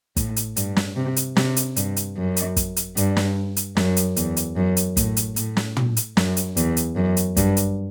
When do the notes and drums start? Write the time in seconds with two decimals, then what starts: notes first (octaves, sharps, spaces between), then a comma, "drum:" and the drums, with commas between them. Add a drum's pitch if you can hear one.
0.16 A2, drum: kick, hi-hat
0.36 drum: hi-hat
0.56 G2, drum: hi-hat
0.76 drum: snare
0.96 C3
1.16 drum: hi-hat
1.36 C3, drum: snare
1.56 drum: hi-hat
1.76 G2, drum: hi-hat
1.96 drum: hi-hat
2.17 F#2
2.36 drum: hi-hat
2.56 drum: kick, hi-hat
2.76 drum: hi-hat
2.97 G2, drum: hi-hat
3.16 drum: snare
3.56 drum: hi-hat
3.77 F#2, drum: snare
3.97 drum: hi-hat
4.16 E2, drum: hi-hat
4.37 drum: hi-hat
4.57 F#2
4.77 drum: hi-hat
4.97 A2, drum: kick, hi-hat
5.17 drum: hi-hat
5.36 A2, drum: hi-hat
5.57 drum: snare
5.77 drum: tom
5.97 drum: hi-hat
6.17 F#2, drum: snare
6.37 drum: hi-hat
6.57 E2, drum: hi-hat
6.77 drum: hi-hat
6.96 F#2
7.17 drum: hi-hat
7.37 G2, drum: kick, hi-hat
7.57 drum: hi-hat